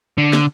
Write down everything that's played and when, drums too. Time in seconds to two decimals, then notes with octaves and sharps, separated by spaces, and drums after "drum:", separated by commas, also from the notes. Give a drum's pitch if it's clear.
0.18 D3
0.33 drum: snare